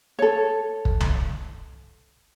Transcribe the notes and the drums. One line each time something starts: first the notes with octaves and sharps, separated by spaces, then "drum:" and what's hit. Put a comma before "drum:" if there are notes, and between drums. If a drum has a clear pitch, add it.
A4 C#5
drum: kick
drum: tom C2